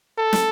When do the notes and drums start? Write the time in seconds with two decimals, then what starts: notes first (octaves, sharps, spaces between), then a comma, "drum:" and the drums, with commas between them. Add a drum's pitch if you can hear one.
0.18 A4
0.33 drum: snare